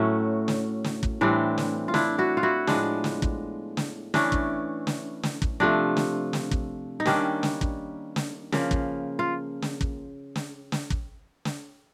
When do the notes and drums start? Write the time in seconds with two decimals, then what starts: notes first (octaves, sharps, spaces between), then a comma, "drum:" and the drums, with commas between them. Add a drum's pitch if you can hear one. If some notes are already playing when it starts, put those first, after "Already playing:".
Already playing: A2 F#3 A3 C#4
0.48 drum: snare
0.84 drum: snare
1.03 drum: kick
1.21 A2 E3 G3 C4 D4
1.58 drum: snare
1.88 F4
1.94 D4 E4, drum: snare
2.18 E4 F#4
2.37 F4
2.43 E4 F#4
2.67 A2 F3 G#3 B3 D4, drum: snare
3.04 drum: snare
3.22 drum: kick
3.77 drum: snare
4.14 E3 A3 C#4 D4, drum: snare
4.32 drum: kick
4.87 drum: snare
5.23 drum: snare
5.42 drum: kick
5.60 C3 F3 A3 D4
5.97 drum: snare
6.33 drum: snare
6.51 drum: kick
7.00 D#4
7.05 D#3 G3 A#3 C#4 D4, drum: snare
7.43 drum: snare
7.61 drum: kick
8.16 drum: snare
8.52 C#3 F3 A#3, drum: snare
8.71 drum: kick
9.19 F4
9.62 drum: snare
9.81 drum: kick
10.36 drum: snare
10.72 drum: snare
10.90 drum: kick
11.45 drum: snare